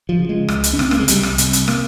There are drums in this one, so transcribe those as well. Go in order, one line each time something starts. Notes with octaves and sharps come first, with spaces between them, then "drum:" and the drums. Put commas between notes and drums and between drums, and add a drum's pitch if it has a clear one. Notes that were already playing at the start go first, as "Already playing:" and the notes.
F3
C#3
G#3
C#2, drum: rim click
drum: hi-hat
C#4
C#3 C4, drum: rim click
A#3, drum: rim click
G#3
C2 G3, drum: hi-hat
drum: rim click
C3, drum: hi-hat
drum: hi-hat
A#3, drum: rim click